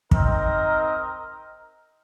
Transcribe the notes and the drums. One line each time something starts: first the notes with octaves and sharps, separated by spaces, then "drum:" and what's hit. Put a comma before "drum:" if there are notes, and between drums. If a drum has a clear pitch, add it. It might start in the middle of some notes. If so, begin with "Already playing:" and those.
C4 D#4 A#4 D#5, drum: kick